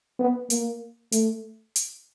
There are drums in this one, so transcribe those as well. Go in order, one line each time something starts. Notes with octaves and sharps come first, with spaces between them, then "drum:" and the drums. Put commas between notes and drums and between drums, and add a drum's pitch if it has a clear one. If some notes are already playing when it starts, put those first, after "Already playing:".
B3
A#3, drum: hi-hat
A3, drum: hi-hat
drum: hi-hat